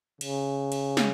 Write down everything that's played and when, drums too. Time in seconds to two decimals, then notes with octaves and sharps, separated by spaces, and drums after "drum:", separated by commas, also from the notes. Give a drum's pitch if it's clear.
0.21 C#3, drum: cymbal
0.72 drum: cymbal
0.97 drum: snare